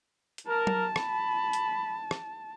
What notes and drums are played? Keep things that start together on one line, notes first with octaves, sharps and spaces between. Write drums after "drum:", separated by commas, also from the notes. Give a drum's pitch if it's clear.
drum: hi-hat
A#4 A5
drum: tom F#3
B5, drum: rim click
drum: hi-hat
drum: rim click